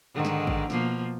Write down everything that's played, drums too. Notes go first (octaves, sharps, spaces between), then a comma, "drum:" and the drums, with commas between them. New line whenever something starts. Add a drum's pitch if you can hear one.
G#2 D3 D#3
drum: snare
drum: kick A1
B2 F3 A#3, drum: snare